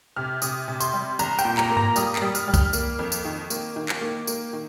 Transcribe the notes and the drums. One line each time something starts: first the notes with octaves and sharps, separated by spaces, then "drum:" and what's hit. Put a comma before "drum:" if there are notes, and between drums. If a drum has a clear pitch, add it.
C3 F6
C3 D#6, drum: tambourine
C3
C6, drum: tambourine
G3
C2 A#5, drum: tambourine
G5, drum: tambourine
A#2
A#5, drum: clap
A#3
A#5, drum: tom G2
G3 D#6, drum: tambourine
D#6, drum: clap
G3
F6, drum: tambourine
G3
F6, drum: kick C2, tambourine
A#3, drum: tambourine
F2
drum: tambourine
D#3
A#3, drum: tambourine
D#3
drum: clap
A#3
A#3, drum: tambourine
D#3